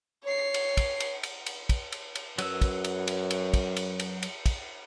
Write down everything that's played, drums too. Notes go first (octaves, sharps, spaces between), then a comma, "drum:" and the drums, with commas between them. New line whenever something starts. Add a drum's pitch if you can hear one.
C#5 C7
drum: cymbal
drum: kick, cymbal
drum: cymbal
drum: cymbal
drum: cymbal
drum: kick, cymbal
drum: cymbal
drum: cymbal
F#2 F#3 B4 E6, drum: cymbal
drum: kick, cymbal
drum: cymbal
drum: cymbal
drum: cymbal
drum: kick, cymbal
drum: cymbal
drum: cymbal
drum: cymbal
drum: kick, cymbal